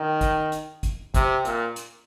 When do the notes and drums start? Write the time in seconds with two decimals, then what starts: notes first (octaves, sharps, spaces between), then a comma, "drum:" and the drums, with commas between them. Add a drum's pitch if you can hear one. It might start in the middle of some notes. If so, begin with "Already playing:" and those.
Already playing: D#3
0.21 drum: kick, hi-hat
0.52 drum: hi-hat
0.83 drum: kick, hi-hat
1.14 C3, drum: kick, hi-hat
1.45 A#2, drum: hi-hat
1.76 drum: hi-hat